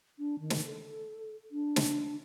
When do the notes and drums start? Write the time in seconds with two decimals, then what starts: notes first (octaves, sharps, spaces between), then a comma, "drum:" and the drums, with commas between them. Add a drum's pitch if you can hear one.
0.19 D4
0.40 D#3
0.50 drum: snare
0.66 A4
1.51 D4
1.76 drum: snare